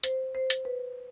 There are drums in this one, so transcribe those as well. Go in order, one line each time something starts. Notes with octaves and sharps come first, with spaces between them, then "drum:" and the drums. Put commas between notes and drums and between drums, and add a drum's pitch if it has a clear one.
C5, drum: hi-hat
C5
drum: hi-hat
B4